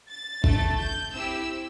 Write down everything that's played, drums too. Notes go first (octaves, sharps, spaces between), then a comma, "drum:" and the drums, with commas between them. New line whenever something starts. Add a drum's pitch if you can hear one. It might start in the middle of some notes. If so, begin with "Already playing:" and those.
A6
A3 D4 A4, drum: kick
G6
C4 E4 G4 E6